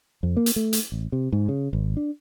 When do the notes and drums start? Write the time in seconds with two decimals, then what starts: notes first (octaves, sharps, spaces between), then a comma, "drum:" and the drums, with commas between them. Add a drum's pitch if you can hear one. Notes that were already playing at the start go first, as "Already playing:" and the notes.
0.23 F2
0.37 A#3
0.46 drum: hi-hat
0.56 A3
0.73 drum: hi-hat
0.92 A1
1.12 C3
1.32 G#2
1.48 C#3
1.73 G#1
1.97 D4